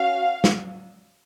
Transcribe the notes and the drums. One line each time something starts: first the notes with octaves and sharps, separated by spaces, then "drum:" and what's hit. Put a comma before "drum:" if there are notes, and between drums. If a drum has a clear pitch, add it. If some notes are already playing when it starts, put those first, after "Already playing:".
Already playing: C#4 F#4 F5
drum: snare